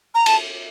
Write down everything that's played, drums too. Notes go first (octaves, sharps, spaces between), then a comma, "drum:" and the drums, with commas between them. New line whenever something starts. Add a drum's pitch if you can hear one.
A#5
A5, drum: cymbal